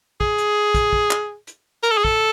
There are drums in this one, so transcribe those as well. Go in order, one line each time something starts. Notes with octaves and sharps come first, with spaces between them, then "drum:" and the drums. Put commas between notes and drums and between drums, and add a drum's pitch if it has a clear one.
G#4, drum: kick
drum: hi-hat
drum: kick, hi-hat
drum: kick
drum: clap
drum: hi-hat
A#4, drum: hi-hat
A4
G#4
A4, drum: kick